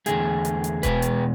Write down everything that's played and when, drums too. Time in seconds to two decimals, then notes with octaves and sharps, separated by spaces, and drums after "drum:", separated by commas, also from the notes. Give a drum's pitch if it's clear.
0.06 E2 D3 A3 G#4, drum: hi-hat
0.45 drum: hi-hat
0.64 drum: hi-hat
0.83 E2 B2 G#3 B3 B4, drum: kick E1, hi-hat
1.02 drum: hi-hat